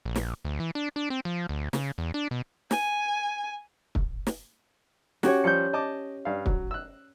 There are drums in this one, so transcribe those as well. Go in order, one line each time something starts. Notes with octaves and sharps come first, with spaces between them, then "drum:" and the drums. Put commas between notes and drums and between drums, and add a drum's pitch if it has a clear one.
A#1
drum: snare
D2
E3
D4
D4
C4
F3
D2
C#3, drum: snare
E2
D4
B2
G#5, drum: snare
drum: kick
drum: snare
C#4 F#4 G4 C#5, drum: snare
F3 G3 G6 C#7
D#5 A5 D6
G2 F5
F#3, drum: kick
E6 F#6